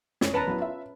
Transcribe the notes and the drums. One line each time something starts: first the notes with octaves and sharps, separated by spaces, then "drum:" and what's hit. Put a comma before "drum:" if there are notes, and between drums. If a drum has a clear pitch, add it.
F#1 C#4, drum: snare
E1 B4 A5 A#5
F#3 B3 E4
F4 E5